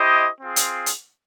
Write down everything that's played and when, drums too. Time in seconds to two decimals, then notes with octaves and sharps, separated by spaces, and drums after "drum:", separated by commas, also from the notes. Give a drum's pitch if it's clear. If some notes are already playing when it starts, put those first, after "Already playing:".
Already playing: E4 G4 C5 D#5
0.41 C4 F4 G#4
0.56 drum: hi-hat
0.86 drum: hi-hat